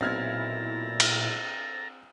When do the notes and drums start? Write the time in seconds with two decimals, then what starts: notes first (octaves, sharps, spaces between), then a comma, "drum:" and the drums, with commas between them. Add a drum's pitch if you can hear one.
0.01 B1 A#2 C4 E4 A4 A#5 F6 G#6
1.00 drum: cymbal